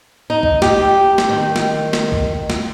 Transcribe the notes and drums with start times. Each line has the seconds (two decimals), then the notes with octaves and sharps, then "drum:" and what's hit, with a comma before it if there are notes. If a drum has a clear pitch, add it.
0.30 D#4
0.43 drum: kick B1
0.62 G4, drum: snare
1.18 drum: snare
1.29 D#3
1.56 drum: snare
1.93 drum: snare
2.12 drum: kick B1
2.50 drum: snare